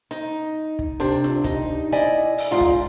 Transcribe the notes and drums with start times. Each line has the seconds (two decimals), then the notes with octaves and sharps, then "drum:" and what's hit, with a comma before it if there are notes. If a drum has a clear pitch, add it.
0.11 D#4, drum: hi-hat
0.79 drum: kick
1.00 C3 D4, drum: hi-hat
1.24 drum: snare F4
1.44 D#4, drum: kick, hi-hat
1.92 E4 D5 D#5 G#5, drum: hi-hat
2.38 drum: open hi-hat
2.51 E2 G#2 F4 A#5
2.61 drum: kick